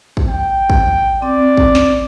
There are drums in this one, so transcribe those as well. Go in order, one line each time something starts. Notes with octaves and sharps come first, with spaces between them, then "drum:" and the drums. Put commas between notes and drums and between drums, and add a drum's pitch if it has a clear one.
drum: kick
G5
drum: kick
C4 D5
drum: kick
drum: snare